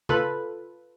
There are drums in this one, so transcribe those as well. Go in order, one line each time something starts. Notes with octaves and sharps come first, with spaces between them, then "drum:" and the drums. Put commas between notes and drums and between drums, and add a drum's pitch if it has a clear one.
F4 A4 B4, drum: tom C#3